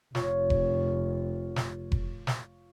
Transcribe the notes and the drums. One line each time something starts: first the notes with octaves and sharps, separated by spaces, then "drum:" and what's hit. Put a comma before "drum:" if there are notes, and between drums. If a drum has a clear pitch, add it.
F1 F4 C#5, drum: snare
drum: kick F1
drum: snare
drum: kick F1
drum: snare